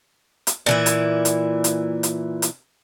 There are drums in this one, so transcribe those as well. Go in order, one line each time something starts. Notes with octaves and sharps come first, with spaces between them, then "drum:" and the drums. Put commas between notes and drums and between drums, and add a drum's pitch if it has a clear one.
drum: hi-hat
A#2 E3 E4
drum: hi-hat
drum: hi-hat
drum: hi-hat
drum: hi-hat
drum: hi-hat